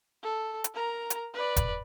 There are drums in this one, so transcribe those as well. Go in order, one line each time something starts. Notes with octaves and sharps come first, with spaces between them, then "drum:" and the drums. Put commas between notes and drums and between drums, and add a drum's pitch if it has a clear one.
A4
drum: hi-hat
A#4 A#5
drum: hi-hat
B4 D5
drum: kick E1, hi-hat